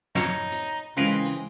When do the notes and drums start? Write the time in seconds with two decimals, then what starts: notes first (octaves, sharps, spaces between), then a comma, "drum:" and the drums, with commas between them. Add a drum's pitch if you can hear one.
0.15 D#4 C#5, drum: snare
0.52 drum: hi-hat
0.97 C#3 E3 G#3 C4 A#4 B4 F5
1.24 drum: hi-hat